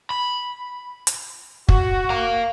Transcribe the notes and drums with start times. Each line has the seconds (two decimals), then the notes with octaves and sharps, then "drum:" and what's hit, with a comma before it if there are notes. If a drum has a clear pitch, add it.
0.10 B5
1.07 drum: hi-hat
1.69 F#4, drum: kick
2.10 F5 A#5